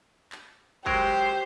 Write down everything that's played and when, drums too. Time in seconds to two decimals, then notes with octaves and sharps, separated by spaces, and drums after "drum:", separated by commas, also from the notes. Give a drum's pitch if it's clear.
0.32 drum: clap
0.86 F#3 G#3 G4 A#4 C5, drum: kick